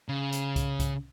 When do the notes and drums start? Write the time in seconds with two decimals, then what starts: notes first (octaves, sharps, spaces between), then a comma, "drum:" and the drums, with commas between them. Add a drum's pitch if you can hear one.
0.09 C#3
0.32 drum: hi-hat
0.56 drum: kick C2, hi-hat
0.80 drum: kick C2, hi-hat